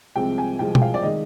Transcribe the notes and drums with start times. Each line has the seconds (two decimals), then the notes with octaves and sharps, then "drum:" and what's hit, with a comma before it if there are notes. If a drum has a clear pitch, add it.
0.16 C2 C3 F3 G#3 G5
0.38 G#5
0.59 C2 C3 F3 G#3 G5
0.75 G5, drum: tom
0.82 F5
0.94 D5
1.03 D#3 G#3 D#5